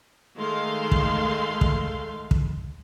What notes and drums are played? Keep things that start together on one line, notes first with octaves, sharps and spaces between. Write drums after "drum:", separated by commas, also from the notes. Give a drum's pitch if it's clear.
D#3 G#3 A3 F5 C6
drum: kick
drum: kick
drum: kick